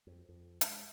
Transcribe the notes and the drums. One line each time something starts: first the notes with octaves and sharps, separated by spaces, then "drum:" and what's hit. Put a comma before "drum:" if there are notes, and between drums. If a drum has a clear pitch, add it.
F2
F2
G#3, drum: hi-hat